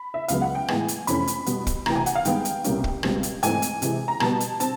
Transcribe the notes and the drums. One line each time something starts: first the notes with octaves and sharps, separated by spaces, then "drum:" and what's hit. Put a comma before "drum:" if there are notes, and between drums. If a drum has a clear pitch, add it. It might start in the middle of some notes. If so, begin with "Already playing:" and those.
Already playing: B5
E5
C#2 C#3 F#3 B3 F5, drum: hi-hat
F#5
G5
A2 E3 G#3 B3 G#5, drum: rim click
drum: hi-hat
F2 C3 E3 A3 C#4 B5, drum: hi-hat
drum: hi-hat
B2 G3 B3, drum: hi-hat
drum: kick, hi-hat
D2 C3 E3 G5 A#5, drum: rim click
G#5
F#5, drum: hi-hat
F5
G2 D#3 G#3 B3 G5, drum: hi-hat
drum: hi-hat
C2 B2 G3 A#3 C#4, drum: hi-hat
drum: kick
C#2 B2 G3 C4, drum: rim click
drum: hi-hat
G#2 E3 A3 C4 G#5, drum: hi-hat
drum: hi-hat
C3 E3 G#3, drum: hi-hat
A#5
B2 G3 B3 A5, drum: rim click
drum: hi-hat
C4 A5, drum: hi-hat